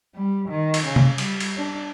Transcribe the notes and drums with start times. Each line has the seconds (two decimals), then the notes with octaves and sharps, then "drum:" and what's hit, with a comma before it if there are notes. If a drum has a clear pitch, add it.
0.14 G3
0.48 D#3
0.74 drum: cymbal
0.84 C#3
0.96 drum: tom
1.18 G3, drum: cymbal
1.40 drum: cymbal
1.57 D4